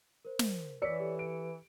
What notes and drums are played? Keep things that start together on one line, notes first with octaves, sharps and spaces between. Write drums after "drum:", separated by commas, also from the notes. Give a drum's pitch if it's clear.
A#4 C5
drum: snare
E3 C#5 D5 E6 B6 C#7
G4 A4
D7